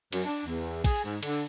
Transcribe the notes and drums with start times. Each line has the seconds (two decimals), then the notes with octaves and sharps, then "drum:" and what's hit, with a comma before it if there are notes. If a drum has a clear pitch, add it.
0.12 F#2, drum: cymbal
0.25 D4
0.45 E2
0.84 G#4, drum: kick, cymbal
1.04 G#2
1.23 D3, drum: cymbal